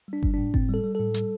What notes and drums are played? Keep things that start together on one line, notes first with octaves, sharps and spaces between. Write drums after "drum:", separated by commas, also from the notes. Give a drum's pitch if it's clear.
G3 D4
G3, drum: kick G1
A2 D4
A2 C4, drum: kick G1
G3 A4
G3
A2 A4
G3, drum: hi-hat